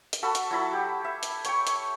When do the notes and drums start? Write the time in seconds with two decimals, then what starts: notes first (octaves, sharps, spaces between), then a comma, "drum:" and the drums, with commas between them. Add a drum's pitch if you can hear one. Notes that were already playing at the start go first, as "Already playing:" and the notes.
0.13 drum: hi-hat
0.23 F#4 A4 A5 B5
0.35 drum: hi-hat
0.51 F#3 E4 B5
0.73 G4
1.04 E5
1.23 drum: hi-hat
1.45 C#5 G5 C#6, drum: hi-hat
1.67 drum: hi-hat